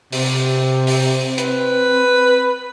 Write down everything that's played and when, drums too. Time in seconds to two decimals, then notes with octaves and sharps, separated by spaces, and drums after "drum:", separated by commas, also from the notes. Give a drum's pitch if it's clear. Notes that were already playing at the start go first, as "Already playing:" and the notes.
0.12 C3 C4, drum: open hi-hat
0.87 drum: open hi-hat
1.38 B4, drum: hi-hat